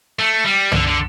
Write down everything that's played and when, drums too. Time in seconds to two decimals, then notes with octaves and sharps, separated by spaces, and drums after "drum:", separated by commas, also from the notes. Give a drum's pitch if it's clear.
0.19 A3
0.46 G3
0.72 D3, drum: tom
0.87 D3